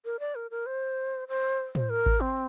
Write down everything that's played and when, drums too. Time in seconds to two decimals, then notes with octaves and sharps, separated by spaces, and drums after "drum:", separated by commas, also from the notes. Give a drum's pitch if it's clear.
0.05 A#4
0.20 D5
0.35 A#4
0.51 A#4
0.66 C5
1.29 C5
1.75 C5, drum: tom A2
1.90 A#4
2.06 drum: kick G#1
2.21 C4